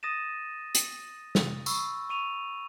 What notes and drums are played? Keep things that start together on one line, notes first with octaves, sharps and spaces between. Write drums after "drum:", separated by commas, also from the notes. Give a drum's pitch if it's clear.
D#6 A6 A#6 D#7 E7
drum: hi-hat
drum: snare
B5 C#6 E6, drum: tambourine
C#6 D#7 F7